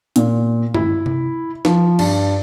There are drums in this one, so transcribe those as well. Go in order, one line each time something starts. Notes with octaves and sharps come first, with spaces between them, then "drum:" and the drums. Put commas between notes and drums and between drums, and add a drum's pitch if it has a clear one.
A#2, drum: hi-hat
E4, drum: tom
drum: tom C3
F3, drum: snare
G2, drum: cymbal